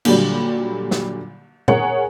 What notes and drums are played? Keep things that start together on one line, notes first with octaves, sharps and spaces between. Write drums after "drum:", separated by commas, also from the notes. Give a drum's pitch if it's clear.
A#2 D3 F#3 G3, drum: cymbal
drum: snare
G#4 A#4 C#5 F#5 G#5, drum: tom A#2